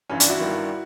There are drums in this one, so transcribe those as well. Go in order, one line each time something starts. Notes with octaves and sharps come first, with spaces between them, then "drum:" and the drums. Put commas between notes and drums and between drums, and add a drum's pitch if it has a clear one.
G#1 G2 E3 C#4
D4, drum: hi-hat
E4 F#4
G1 G2 D#3 G3